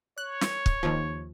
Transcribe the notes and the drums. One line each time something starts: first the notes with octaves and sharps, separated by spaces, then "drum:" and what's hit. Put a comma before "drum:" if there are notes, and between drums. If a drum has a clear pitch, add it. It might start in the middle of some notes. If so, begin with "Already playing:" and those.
C#5 F#6
drum: snare
drum: kick
D#2 F3